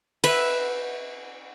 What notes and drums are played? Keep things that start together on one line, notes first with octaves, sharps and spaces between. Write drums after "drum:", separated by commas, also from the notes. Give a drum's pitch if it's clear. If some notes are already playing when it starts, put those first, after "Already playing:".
B4 E5, drum: cymbal